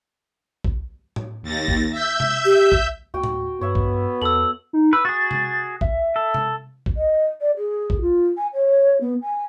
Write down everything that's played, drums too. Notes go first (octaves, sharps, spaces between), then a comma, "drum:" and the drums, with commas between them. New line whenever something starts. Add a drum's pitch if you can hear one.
drum: kick C2
drum: tom A2
D#2 A6 A#6
drum: kick C2
E5 E6 G6
drum: tom C3
G4
drum: kick C2
D2 F#4 G5
drum: tom A2
G2 B3 C#5 E5 F#5
drum: kick C2
E2 A4 E6 F#7
D#4
B4 E6
F#4 G#4 A6
drum: tom C3
E5, drum: kick C2
A4
drum: tom C3
drum: kick C2
D#5
D5
G#4
drum: kick C2
F4
G#5
C#5
B3
G#5